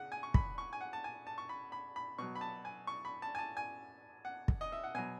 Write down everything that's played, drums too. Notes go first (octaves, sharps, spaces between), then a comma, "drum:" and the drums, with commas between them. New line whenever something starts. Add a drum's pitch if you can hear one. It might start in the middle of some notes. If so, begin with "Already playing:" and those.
Already playing: C#3 F#5
G#5
C#6
B5, drum: kick
C#6
G#5
F#5
A5
G#5
A5
C#6
B5
B5
B5
B2 F#3 C#6
B5
A5
G#5
C#6
B5
A5
G#5
A5
G#5
F#5
drum: kick
D#5
E5
F#5
B2 F#3 G#5